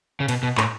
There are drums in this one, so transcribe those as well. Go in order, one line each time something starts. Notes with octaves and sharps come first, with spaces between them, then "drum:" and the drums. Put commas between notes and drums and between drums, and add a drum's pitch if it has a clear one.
C#3
B2, drum: cymbal
B2
A2, drum: clap